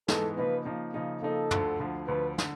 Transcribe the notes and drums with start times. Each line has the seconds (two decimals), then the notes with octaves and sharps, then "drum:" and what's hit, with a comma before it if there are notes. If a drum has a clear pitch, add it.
0.08 G#2 E3 G#3 B3 D#4 A4, drum: snare
0.37 C#3 F3 A#3 D#4 B4
0.65 C#3 F3 A#3 D#4
0.94 C#3 F3 A#3 D#4
1.22 C#3 F3 A#3 D#4 A4
1.51 D2 D3 F3, drum: tom
1.80 D2 D3 F3
2.08 D2 D3 F3 B4
2.38 D3, drum: snare